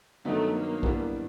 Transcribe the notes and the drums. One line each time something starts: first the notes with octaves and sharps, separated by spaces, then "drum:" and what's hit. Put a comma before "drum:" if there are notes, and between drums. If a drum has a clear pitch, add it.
G2 D#3 F#3 A3 B3 D#4
A#3
G2 E3 G3 B3 D4, drum: kick A#1